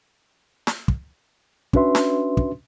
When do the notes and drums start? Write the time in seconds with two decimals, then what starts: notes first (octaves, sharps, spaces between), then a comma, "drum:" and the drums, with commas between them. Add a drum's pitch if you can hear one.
0.67 drum: snare
0.88 drum: kick
1.73 C#4 D4 F#4 B4 E5 C6, drum: kick
1.95 drum: snare
2.37 drum: kick